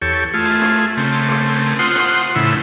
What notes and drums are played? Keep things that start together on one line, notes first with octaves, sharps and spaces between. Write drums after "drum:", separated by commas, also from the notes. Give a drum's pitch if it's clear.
E2 G4 A4 C#5
A3 F4 G#4
drum: cymbal
drum: rim click
C#3 A3 C4, drum: cymbal
drum: cymbal
drum: rim click
drum: cymbal
drum: cymbal
F4 C5 F#5 C6 D#6, drum: cymbal
drum: rim click
A2 C#3 E3 E4
drum: cymbal